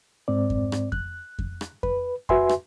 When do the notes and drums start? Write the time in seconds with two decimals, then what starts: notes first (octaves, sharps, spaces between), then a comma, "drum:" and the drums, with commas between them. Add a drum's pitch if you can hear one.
0.28 G#2 C4 D5
0.50 drum: kick F2
0.72 drum: rim click
0.92 F#6, drum: kick F2
1.39 drum: kick F2
1.61 drum: rim click
1.83 B4, drum: kick F2
2.29 F#4 B4 E5 G#5 C6, drum: kick F2
2.49 drum: rim click